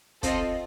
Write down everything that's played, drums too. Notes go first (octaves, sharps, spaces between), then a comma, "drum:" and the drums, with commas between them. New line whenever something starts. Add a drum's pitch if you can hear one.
C4 F4 A4 D#5, drum: kick, hi-hat